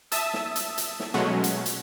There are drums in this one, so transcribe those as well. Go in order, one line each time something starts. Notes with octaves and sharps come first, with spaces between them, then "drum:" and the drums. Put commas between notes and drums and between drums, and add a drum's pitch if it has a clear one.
E5 A5 D#6 E6, drum: hi-hat
drum: snare
drum: hi-hat
drum: hi-hat
drum: snare
B2 F#3 G#3 A3 C#4 F#4
drum: hi-hat
drum: hi-hat